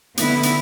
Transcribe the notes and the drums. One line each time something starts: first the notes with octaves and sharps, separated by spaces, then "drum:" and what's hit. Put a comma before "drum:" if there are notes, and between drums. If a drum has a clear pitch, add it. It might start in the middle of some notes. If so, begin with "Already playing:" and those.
D3 B3 E4, drum: hi-hat
drum: hi-hat